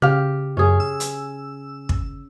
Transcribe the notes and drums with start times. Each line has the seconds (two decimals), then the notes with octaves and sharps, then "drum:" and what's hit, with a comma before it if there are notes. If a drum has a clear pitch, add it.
0.02 C#3 G4 F5 F6
0.57 F#2 C#4 G#4
0.80 E6
1.00 drum: hi-hat
1.89 drum: kick